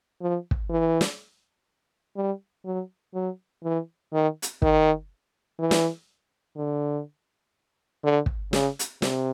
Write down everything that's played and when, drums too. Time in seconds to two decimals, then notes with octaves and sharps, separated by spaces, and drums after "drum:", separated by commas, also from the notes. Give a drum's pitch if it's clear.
0.21 F3
0.51 drum: kick
0.70 E3
1.01 drum: snare
2.16 G3
2.65 F#3
3.14 F#3
3.64 E3
4.13 D#3
4.42 drum: hi-hat
4.62 D#3, drum: kick
5.59 E3
5.71 drum: snare
6.57 D3
8.04 D3
8.26 drum: kick
8.53 C#3, drum: snare
8.79 drum: hi-hat
9.02 C3, drum: snare